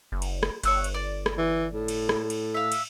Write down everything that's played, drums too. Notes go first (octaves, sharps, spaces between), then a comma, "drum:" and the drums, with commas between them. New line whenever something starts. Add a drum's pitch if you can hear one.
F#1
drum: cymbal
drum: rim click
G1 C#5 E6 F#6, drum: cymbal
drum: cymbal
D5
drum: rim click
E3
A2
drum: cymbal
drum: rim click
drum: cymbal
E5 F5
drum: cymbal